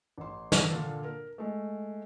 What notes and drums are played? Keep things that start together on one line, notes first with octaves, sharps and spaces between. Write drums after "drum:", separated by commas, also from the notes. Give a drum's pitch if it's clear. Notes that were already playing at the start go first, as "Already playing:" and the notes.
A1 C6
drum: snare
A#2 D3 D4 F4 A4
A#4
G#3 A3